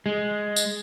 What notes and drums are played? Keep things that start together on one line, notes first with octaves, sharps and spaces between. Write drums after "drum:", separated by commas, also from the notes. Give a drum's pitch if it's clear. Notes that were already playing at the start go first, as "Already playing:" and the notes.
G#3
drum: tambourine